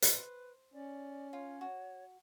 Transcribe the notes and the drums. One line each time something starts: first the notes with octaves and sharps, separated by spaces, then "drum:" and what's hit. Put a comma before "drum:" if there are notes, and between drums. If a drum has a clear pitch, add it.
B4 C5, drum: hi-hat
C#4 D5
F4 C#5
F#4